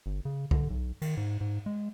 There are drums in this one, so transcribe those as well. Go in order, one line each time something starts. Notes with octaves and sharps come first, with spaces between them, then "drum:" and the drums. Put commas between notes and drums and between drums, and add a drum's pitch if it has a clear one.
G1
C#3
D3, drum: kick C2
B1
D#3, drum: cymbal
G#2
G#2
G#3